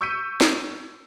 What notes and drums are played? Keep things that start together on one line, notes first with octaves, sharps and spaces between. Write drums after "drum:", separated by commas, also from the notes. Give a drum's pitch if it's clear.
C#6 E6 G6 B6 C#7 D#7
drum: snare